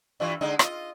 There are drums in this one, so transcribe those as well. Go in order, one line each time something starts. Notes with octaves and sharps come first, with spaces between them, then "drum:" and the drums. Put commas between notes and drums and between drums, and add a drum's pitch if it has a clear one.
G2 E3 F4
D3 G#3 D#4
F4 D#5, drum: rim click